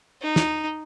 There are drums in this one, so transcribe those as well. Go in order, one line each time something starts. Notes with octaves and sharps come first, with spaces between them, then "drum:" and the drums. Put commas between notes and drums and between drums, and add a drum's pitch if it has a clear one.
D#4
drum: snare